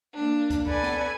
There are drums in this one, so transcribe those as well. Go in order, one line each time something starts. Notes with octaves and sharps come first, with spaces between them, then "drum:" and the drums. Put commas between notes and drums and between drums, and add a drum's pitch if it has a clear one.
A#3 D4
drum: kick, hi-hat
A4 B4 D5 G#5, drum: kick
drum: snare